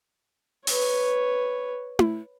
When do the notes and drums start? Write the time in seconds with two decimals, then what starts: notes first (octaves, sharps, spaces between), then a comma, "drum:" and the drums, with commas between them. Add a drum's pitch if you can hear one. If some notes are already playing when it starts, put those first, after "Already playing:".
0.67 B4 C#5, drum: open hi-hat
1.99 drum: tom E4